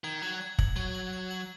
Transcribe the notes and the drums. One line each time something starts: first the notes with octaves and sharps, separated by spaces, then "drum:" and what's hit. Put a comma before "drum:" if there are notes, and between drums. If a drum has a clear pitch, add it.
D#3 G#6
F#3 F#7
G#6
F#7, drum: kick
F#3 G#6
F#7
G#6
F#7